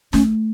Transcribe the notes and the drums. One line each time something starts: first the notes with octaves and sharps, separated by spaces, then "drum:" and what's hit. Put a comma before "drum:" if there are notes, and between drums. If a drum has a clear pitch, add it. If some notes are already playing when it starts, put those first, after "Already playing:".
A3 C#4, drum: snare